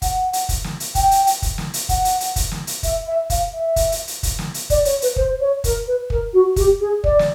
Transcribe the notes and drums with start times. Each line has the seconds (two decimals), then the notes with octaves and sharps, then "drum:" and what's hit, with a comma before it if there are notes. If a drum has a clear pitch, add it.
0.02 F#5, drum: kick, hi-hat
0.33 drum: hi-hat
0.49 drum: kick, hi-hat
0.64 drum: snare
0.80 drum: hi-hat
0.95 G5, drum: kick, hi-hat
1.11 drum: hi-hat
1.27 drum: hi-hat
1.42 drum: kick, hi-hat
1.58 drum: snare
1.74 drum: hi-hat
1.89 F#5, drum: kick, hi-hat
2.05 drum: hi-hat
2.20 drum: hi-hat
2.36 drum: kick, hi-hat
2.52 drum: snare
2.67 drum: hi-hat
2.83 E5, drum: kick, hi-hat
3.07 E5
3.30 F5, drum: kick, hi-hat
3.53 E5
3.76 drum: kick, hi-hat
3.92 drum: hi-hat
4.07 drum: hi-hat
4.23 drum: kick, hi-hat
4.39 drum: snare
4.54 drum: hi-hat
4.70 D5, drum: kick, hi-hat
4.85 C#5, drum: hi-hat
5.02 B4, drum: hi-hat
5.16 C5, drum: kick
5.40 C#5
5.64 A#4, drum: kick, hi-hat
5.87 B4
6.10 A#4, drum: kick
6.33 F#4
6.56 G4, drum: kick, hi-hat
6.80 G#4
7.04 D5, drum: kick
7.19 drum: snare